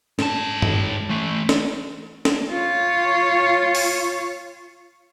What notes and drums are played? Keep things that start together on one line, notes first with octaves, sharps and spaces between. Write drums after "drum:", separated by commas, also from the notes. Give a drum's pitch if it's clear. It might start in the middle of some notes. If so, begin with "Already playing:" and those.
G#2 A5, drum: snare
drum: tom G2
E3 A3
drum: snare
drum: snare
F4 C#5
drum: open hi-hat